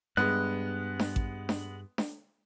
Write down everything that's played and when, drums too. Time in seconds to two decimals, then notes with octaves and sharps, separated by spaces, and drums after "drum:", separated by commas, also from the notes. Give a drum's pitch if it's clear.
0.17 G2 G#3 B3 F#6
0.99 drum: snare D4
1.16 drum: kick A1
1.49 drum: snare D4
1.98 drum: snare D4